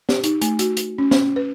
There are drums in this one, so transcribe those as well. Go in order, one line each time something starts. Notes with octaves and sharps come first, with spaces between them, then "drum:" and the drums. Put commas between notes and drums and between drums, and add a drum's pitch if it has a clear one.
G4, drum: snare
D#4, drum: hi-hat
A3, drum: hi-hat
F#4, drum: hi-hat
drum: hi-hat
C#4
C#4, drum: snare
B4